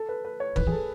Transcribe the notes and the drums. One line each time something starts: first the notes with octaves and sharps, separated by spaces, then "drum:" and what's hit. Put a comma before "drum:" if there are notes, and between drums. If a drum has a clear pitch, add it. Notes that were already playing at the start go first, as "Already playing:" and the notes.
Already playing: A4
B4
B4
C#5
E3 B4, drum: kick
E3 G#4
A4